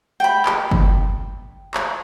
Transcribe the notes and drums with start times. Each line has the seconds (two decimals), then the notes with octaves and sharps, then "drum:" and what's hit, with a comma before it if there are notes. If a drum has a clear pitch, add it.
0.20 G5 B5
0.46 drum: clap
0.71 drum: kick G1
1.74 drum: clap